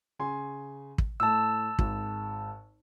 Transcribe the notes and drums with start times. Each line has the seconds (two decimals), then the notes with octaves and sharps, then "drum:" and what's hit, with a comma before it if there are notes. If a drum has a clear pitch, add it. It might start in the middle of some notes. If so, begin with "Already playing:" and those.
0.19 C#3 G#5 C6
0.98 drum: kick
1.20 A2 A3 A5 E6
1.79 G#1, drum: kick